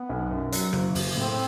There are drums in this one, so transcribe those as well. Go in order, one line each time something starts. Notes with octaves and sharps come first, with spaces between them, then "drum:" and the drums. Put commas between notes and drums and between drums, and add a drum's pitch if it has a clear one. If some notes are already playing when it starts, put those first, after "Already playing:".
Already playing: B3
B1
F#2
F#3, drum: hi-hat
F#1, drum: rim click
F#1, drum: open hi-hat
A2 C4